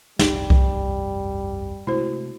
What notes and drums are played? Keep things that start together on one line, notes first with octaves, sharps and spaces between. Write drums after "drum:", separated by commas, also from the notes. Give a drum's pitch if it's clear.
F1 C2 G2 G3 G4, drum: snare
drum: kick C2
C3 G#3 A3 E4 F#4 C5